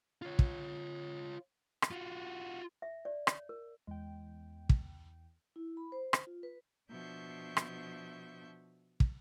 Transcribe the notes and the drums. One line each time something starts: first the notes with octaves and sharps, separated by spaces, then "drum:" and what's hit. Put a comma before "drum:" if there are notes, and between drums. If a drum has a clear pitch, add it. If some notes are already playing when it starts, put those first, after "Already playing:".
F4 C#5
drum: kick
drum: rim click
F4 F#4
E5
D5
C#5, drum: rim click
A#4
E2 G#3 G5
drum: kick
E4
B5
C5
drum: rim click
F4
B4
B2 F3 D4 E5 C#6 G6
drum: rim click
drum: kick